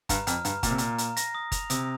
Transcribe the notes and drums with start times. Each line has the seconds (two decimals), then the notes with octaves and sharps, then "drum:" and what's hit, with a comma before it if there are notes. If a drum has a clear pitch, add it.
0.09 G2 A#5, drum: kick F#1, hi-hat
0.27 F2 F6, drum: hi-hat
0.45 G2 A#5, drum: hi-hat
0.63 A#2 A#5, drum: kick F#1, hi-hat
0.70 C3
0.78 A#2 A#5, drum: hi-hat
0.98 A#5, drum: hi-hat
1.17 A#6, drum: hi-hat
1.35 D#6
1.52 F7, drum: kick F#1, hi-hat
1.70 C3 D#6, drum: hi-hat